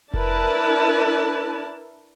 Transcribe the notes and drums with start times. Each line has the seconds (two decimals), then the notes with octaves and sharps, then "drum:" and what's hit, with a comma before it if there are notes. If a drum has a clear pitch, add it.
0.14 D4 E4 A#4 B4 A5, drum: kick F1